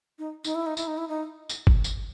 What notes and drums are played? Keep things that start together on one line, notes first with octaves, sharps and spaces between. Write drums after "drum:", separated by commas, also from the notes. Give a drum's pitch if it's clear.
D#4
D#4, drum: tambourine
E4
D#4
E4, drum: tambourine
D#4
E4
D#4
drum: tambourine
drum: kick G1
drum: tambourine